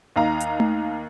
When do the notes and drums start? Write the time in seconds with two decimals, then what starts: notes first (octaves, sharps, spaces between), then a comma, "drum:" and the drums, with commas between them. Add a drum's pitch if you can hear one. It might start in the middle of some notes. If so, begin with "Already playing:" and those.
0.16 D#2 D#5 F5 A#5
0.40 drum: hi-hat
0.60 drum: tom A3